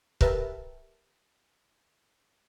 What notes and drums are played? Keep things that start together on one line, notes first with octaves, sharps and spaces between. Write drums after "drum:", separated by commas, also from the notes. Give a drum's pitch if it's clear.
G4 A#4 B4 E5 A5, drum: kick C#1